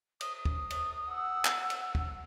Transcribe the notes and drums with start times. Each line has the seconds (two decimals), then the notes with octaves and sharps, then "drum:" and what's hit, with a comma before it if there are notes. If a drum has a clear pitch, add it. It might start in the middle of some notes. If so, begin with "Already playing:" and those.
0.21 D#6, drum: cymbal
0.45 drum: kick
0.70 drum: cymbal
1.11 F#5 E6
1.45 drum: clap
1.70 drum: cymbal
1.95 drum: kick